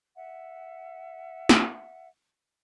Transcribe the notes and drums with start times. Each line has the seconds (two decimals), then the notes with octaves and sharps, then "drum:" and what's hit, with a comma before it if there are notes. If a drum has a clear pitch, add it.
0.17 E5 F#5
1.49 drum: snare